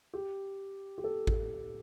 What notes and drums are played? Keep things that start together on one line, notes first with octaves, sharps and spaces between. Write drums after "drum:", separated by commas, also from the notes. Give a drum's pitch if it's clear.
G4
G4
A4
G4, drum: kick A1